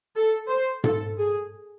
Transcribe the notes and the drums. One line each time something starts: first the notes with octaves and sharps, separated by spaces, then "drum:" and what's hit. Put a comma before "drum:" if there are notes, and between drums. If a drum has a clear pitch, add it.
A4
C5
A4, drum: tom G#2
G#4